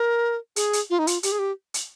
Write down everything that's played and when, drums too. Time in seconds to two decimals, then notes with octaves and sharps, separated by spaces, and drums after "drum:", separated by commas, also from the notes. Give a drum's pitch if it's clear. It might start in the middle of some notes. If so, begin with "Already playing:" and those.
Already playing: A#4
0.56 G#4, drum: hi-hat
0.73 drum: hi-hat
0.90 F4
0.99 D#4
1.07 F4, drum: hi-hat
1.23 G4, drum: hi-hat
1.32 G#4
1.39 G4
1.74 drum: hi-hat